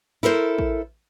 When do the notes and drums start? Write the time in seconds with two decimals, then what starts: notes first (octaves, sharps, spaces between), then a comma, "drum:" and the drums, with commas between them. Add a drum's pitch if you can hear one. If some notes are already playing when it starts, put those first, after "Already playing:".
0.23 E4 A4 A#4 C5
0.58 drum: kick A1